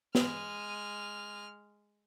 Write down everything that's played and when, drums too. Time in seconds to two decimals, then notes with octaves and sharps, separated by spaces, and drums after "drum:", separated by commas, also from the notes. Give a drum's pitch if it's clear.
0.15 G#3 F6, drum: snare